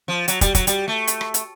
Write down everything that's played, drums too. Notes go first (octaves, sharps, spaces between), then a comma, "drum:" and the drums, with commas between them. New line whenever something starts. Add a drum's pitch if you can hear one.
F3
F#3, drum: hi-hat
G3, drum: kick, hi-hat
F#3, drum: kick, hi-hat
G3, drum: hi-hat
A3
drum: hi-hat
drum: rim click
drum: hi-hat